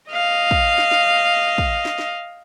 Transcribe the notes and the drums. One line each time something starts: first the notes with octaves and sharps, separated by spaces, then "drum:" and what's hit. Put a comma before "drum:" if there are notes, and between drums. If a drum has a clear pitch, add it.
D#5 F5
drum: kick
drum: snare
drum: snare
drum: kick
drum: snare
drum: snare